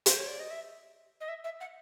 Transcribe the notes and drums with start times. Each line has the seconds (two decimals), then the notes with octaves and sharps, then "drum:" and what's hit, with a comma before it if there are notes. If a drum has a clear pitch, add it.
0.06 C5, drum: hi-hat
0.18 C#5
0.27 D5
0.39 D#5
0.50 E5
1.20 D#5
1.28 E5
1.44 E5
1.60 F#5